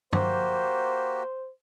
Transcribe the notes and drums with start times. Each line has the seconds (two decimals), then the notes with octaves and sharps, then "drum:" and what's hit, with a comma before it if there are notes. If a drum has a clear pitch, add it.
0.13 A#3 F#4 G4 C5, drum: tom G2